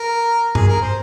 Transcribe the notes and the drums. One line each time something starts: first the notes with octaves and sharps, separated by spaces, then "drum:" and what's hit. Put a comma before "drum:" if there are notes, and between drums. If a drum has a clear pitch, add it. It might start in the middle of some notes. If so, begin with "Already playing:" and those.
Already playing: A#4
G#4, drum: tom
A#4
C5